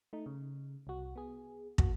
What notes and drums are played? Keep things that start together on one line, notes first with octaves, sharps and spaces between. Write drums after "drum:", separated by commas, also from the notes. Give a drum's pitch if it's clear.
A3 D#4
C#3
C2 F#4
B3 G#4
A#3 F#4, drum: kick